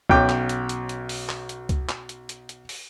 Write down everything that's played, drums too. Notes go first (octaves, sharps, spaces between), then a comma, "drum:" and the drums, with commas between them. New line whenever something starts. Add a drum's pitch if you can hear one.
B1 C#4 G5 D6, drum: kick C#2
drum: clap
drum: hi-hat
drum: hi-hat
drum: hi-hat
drum: open hi-hat
drum: clap
drum: hi-hat
drum: kick C#2, hi-hat
drum: clap
drum: hi-hat
drum: hi-hat
drum: hi-hat
drum: open hi-hat